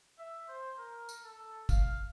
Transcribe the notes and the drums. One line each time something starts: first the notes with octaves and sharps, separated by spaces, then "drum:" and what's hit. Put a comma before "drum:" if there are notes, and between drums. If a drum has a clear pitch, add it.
E5
C5
A#4
drum: tambourine
A4
F5, drum: kick, tambourine